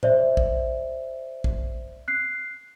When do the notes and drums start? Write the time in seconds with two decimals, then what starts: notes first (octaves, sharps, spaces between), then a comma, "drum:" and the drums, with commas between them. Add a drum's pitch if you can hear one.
0.03 C5 D5 E5, drum: tom A2
0.37 drum: kick
1.44 drum: kick
2.08 F#6 C7